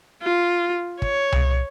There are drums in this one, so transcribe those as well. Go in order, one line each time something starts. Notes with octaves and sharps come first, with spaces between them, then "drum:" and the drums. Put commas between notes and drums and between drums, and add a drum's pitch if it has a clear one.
F4
C#5, drum: kick
drum: tom C2